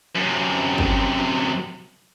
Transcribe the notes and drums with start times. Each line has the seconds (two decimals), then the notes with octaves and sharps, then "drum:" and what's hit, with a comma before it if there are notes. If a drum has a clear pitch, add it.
0.16 F#2 C3
0.78 drum: kick G1